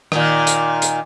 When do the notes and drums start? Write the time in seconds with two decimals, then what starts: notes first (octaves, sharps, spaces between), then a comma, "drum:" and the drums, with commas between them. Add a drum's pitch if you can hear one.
0.12 A#2 D#3, drum: rim click
0.47 drum: hi-hat
0.82 drum: hi-hat